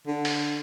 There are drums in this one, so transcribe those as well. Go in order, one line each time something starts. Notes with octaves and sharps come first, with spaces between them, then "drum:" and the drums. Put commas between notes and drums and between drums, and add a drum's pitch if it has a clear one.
D3
drum: open hi-hat